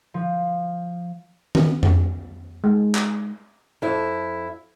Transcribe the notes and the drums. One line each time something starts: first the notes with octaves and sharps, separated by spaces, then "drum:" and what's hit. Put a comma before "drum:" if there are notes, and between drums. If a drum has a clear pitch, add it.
F3
B3, drum: tom D#3
drum: tom F2
G#3
drum: clap
F2 E4